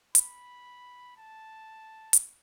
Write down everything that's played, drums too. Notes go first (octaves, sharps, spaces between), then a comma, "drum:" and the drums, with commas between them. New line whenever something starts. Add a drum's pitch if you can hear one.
B5, drum: hi-hat
A5
drum: hi-hat